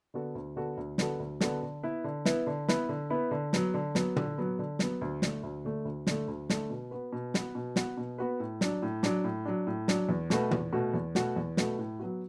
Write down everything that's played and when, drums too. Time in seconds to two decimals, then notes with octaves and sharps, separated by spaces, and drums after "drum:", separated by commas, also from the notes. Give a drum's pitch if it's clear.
0.14 D3 B3 F#4 A4
0.35 D2
0.56 D3 B3 F#4 A4
0.77 D2
0.98 D3 B3 F#4 A4, drum: snare
1.19 D2
1.41 D3 B3 F#4 A4, drum: snare
1.62 D3
1.83 B3 E4 B4
2.04 D3
2.25 B3 E4 B4, drum: snare
2.47 D3
2.68 B3 E4 B4, drum: snare
2.89 D3
3.10 B3 E4 B4
3.31 D3
3.53 F#3 B3, drum: snare
3.74 D3
3.95 F#3 B3, drum: snare
4.16 D3, drum: tom
4.38 F#3 B3
4.59 D3
4.79 F#3 B3, drum: snare
5.01 D2
5.22 D3 A3, drum: snare
5.43 D2
5.65 D3 A3
5.85 D2
6.07 D3 A3, drum: snare
6.28 D2
6.49 D3 A3, drum: snare
6.70 B2
6.91 B3 F#4 B4
7.13 B2
7.34 B3 F#4 B4, drum: snare
7.55 B2
7.76 B3 F#4 B4, drum: snare
7.97 B2
8.18 B3 F#4 B4
8.40 A2
8.61 F#3 D4, drum: snare
8.82 A2
9.03 F#3 D4, drum: snare
9.24 A2
9.45 F#3 D4
9.67 A2
9.88 F#3 D4, drum: snare
10.09 E2
10.30 B2 A3 F#4 B4, drum: snare
10.51 E2, drum: tom
10.73 B2 A3 F#4 B4
10.94 E2
11.15 B2 A3 F#4 B4, drum: snare
11.36 E2
11.57 B2 A3 F#4 B4, drum: snare
11.79 A2
11.99 F#3 B3 F#4